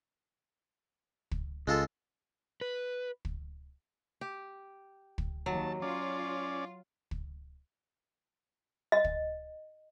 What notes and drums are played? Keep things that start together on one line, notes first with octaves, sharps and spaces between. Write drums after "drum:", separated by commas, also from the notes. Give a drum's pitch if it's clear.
drum: kick
C#2 G#3 F4 A4
B4
drum: kick
G4
drum: kick
D#2 F#3 A5
C#4 F4 D5
drum: kick
D#5
drum: kick